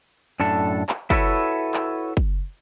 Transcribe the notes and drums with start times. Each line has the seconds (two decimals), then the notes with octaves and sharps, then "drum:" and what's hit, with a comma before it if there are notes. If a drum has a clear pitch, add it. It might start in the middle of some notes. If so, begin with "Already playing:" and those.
0.40 F#2 A2 D4 A4
0.89 drum: clap
1.10 E4 F#4 A4 B4 C#5 E5, drum: kick
1.74 drum: clap
2.17 drum: kick